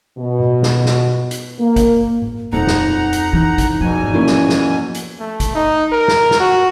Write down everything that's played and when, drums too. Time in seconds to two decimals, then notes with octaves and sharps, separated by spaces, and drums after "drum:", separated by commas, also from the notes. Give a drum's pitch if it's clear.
0.18 B2
0.40 drum: tom A2
0.63 drum: snare
0.85 drum: snare
1.31 drum: hi-hat
1.59 A#3
1.76 drum: kick, hi-hat
2.22 drum: tom A2
2.53 D#1 F2 D#4 F#5 A#5
2.67 drum: snare
3.13 drum: hi-hat
3.33 E3
3.58 drum: kick, hi-hat
3.81 E2 B2 F3 G#5
4.04 drum: tom G#2
4.14 A#3 C#4 E4
4.26 drum: snare
4.49 drum: snare
4.94 drum: hi-hat
5.20 A3
5.40 drum: kick, hi-hat
5.55 D#4
5.92 A#4
6.08 drum: snare
6.31 drum: snare
6.40 F#4